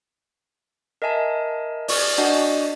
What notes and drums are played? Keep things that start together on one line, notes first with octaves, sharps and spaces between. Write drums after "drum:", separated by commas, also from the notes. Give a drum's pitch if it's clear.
A#4 D#5 E5 G#5 A5
D5 C#6 F6, drum: open hi-hat
D4 F#4 D5 D#5 F#5 G#5